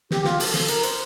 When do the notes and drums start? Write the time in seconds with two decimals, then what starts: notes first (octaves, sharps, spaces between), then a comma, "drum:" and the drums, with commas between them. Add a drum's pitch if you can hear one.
0.11 G4, drum: snare
0.24 F4, drum: snare
0.40 A4, drum: open hi-hat
0.54 drum: snare
0.68 A#4, drum: hi-hat
0.83 C5, drum: hi-hat